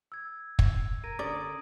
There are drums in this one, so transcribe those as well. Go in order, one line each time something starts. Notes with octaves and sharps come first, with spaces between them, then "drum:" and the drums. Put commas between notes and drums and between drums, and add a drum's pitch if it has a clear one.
E6 G#6
drum: kick
A#4 G#6 A#6 D#7
D3 C#4 A#4 D5 D6 D#6